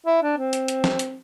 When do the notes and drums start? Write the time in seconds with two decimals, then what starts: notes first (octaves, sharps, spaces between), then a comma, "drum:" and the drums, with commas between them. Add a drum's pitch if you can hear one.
0.06 E4
0.23 D4
0.38 C4
0.53 drum: hi-hat
0.68 drum: hi-hat
0.84 drum: snare
0.99 drum: hi-hat